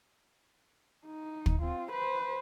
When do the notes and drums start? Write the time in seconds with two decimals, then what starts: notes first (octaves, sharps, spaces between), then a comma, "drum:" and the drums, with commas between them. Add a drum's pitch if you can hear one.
1.05 D#4
1.46 drum: kick
1.61 C4 F4
1.91 B4 C5